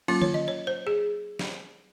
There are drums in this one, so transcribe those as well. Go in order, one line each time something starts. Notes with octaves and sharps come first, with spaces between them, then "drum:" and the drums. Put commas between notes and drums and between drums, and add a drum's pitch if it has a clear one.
F#3 A#3 C#4 F4, drum: cymbal
C#5, drum: tom D3
D#5
C#5
C5
G#4
drum: snare